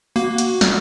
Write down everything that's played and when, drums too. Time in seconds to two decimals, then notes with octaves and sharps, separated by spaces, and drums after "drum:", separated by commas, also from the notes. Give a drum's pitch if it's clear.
0.16 A#3 F#4
0.38 drum: hi-hat
0.61 drum: snare